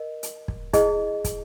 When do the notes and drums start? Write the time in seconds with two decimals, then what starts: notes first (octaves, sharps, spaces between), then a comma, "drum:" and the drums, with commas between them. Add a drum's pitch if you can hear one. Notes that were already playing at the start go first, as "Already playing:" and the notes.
Already playing: A#4 D#5
0.23 drum: hi-hat
0.48 drum: kick
0.73 E4 G#4 D#5, drum: kick, hi-hat
1.24 drum: kick, hi-hat